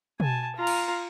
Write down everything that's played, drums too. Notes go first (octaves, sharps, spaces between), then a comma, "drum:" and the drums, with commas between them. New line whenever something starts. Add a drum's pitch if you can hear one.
G#5 A5, drum: tom B2
F4 A#5
drum: cymbal